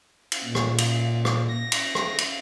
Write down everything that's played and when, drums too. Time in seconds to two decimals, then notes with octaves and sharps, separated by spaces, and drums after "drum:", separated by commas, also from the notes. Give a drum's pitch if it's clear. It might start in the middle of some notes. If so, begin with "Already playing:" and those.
0.32 drum: cymbal
0.44 A#2
0.55 drum: rim click
0.78 drum: cymbal
1.25 drum: rim click
1.48 A#6
1.72 drum: cymbal
1.95 drum: rim click
2.18 drum: cymbal